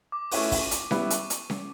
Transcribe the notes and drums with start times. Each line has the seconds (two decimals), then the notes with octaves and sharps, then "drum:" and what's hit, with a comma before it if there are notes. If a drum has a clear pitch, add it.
0.12 D6
0.31 A3 C#4 E4 B4 C#6, drum: open hi-hat
0.52 drum: kick, open hi-hat
0.61 C#6
0.71 drum: hi-hat
0.91 G3 B3 E4 B4, drum: snare C#4
1.10 drum: hi-hat
1.30 drum: hi-hat
1.50 drum: snare C#4